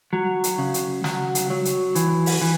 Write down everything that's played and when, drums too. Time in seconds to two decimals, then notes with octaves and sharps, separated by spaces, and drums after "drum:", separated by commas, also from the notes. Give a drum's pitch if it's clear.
0.13 F#3
0.44 drum: hi-hat
0.58 C#3
0.74 drum: hi-hat
1.04 F#3, drum: snare
1.35 drum: hi-hat
1.50 F#3
1.65 drum: hi-hat
1.95 E3, drum: hi-hat
2.26 drum: open hi-hat
2.41 E3